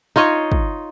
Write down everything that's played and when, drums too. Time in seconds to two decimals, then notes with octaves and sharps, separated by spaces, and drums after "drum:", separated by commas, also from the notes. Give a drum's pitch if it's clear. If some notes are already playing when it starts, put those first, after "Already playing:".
0.16 D#4 F4 C#5 D#5
0.52 drum: kick